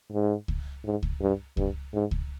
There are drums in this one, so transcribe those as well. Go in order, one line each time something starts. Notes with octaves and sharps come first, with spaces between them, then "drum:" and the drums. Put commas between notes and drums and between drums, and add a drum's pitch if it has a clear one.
G#2
drum: kick C#2
G#2
drum: kick C#2
G2
G2, drum: kick C#2
G#2
drum: kick C#2